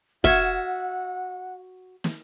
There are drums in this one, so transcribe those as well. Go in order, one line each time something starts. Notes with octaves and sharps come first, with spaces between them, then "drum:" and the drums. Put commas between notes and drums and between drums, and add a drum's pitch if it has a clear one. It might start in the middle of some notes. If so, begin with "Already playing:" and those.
F#4 E5 F#5 F6 G#6, drum: kick
drum: snare